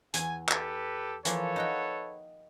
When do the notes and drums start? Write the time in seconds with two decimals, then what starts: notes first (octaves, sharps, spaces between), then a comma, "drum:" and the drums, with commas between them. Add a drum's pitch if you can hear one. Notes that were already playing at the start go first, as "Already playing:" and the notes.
0.14 E2 G#5, drum: hi-hat
0.48 G4 A4 B4, drum: clap
1.25 E3 F3 A#3 A4 B4 C#5, drum: hi-hat
1.56 D#4 F#4 G5